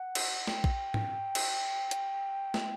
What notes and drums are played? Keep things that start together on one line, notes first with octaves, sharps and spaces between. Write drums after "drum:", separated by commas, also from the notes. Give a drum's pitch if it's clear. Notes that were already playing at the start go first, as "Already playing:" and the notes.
Already playing: F#5
drum: cymbal
G5, drum: snare
drum: kick
drum: tom
drum: cymbal
drum: hi-hat
drum: snare